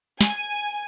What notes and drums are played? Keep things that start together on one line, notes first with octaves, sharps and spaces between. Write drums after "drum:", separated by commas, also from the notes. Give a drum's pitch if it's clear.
G#5, drum: snare